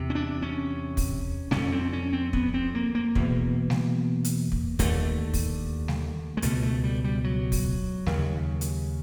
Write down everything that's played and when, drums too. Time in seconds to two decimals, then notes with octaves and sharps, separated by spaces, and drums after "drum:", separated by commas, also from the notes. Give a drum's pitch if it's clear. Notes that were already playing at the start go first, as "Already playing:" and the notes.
Already playing: E2 C3
0.10 C#4
0.15 D4
0.42 C#4
0.97 drum: kick, open hi-hat
1.51 F2 D3 C#4, drum: snare
1.72 C4
1.93 C#4
2.13 C4
2.33 B3, drum: kick
2.54 C4
2.75 A#3
2.95 A#3
3.15 E2 B2, drum: kick
3.70 drum: snare
4.24 drum: hi-hat
4.52 drum: kick
4.79 D#2 D3 A3, drum: kick, hi-hat
5.34 drum: kick, open hi-hat
5.88 drum: snare
6.37 G#3
6.42 C#2 B2 A3, drum: hi-hat
6.63 A3
6.84 G3
7.04 G3
7.24 F#3
7.52 drum: kick, open hi-hat
8.06 D#2 C#3, drum: snare
8.61 drum: hi-hat